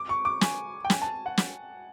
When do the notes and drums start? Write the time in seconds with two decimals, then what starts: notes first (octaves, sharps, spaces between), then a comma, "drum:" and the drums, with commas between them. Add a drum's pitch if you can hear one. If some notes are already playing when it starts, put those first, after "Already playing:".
Already playing: D6
0.09 C#6
0.25 D6
0.41 G#5, drum: snare
0.85 G5
0.90 G#5, drum: snare
1.02 A5
1.26 F#5
1.37 drum: snare